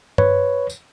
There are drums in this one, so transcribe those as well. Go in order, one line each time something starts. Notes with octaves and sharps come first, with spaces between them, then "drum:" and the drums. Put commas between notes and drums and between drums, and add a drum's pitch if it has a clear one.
B4 C#5, drum: tom G2
drum: tambourine